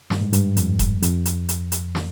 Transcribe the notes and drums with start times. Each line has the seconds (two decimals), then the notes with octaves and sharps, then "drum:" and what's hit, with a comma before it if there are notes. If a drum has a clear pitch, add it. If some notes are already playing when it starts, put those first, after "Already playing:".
0.10 G2, drum: snare
0.21 G#2
0.33 G2, drum: hi-hat
0.57 F2, drum: hi-hat
0.79 drum: kick E1, hi-hat
1.02 F2, drum: hi-hat
1.25 drum: hi-hat
1.49 drum: hi-hat
1.72 drum: hi-hat
1.95 drum: snare